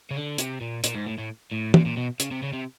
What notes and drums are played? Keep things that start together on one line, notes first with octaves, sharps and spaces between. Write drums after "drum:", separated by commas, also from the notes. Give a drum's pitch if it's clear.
C#3
D3
C3, drum: hi-hat
A#2
A#2, drum: hi-hat
G#2
A2
A2
A2
A#2, drum: tom
A#2
B2
C#3, drum: hi-hat
C3
C#3
C3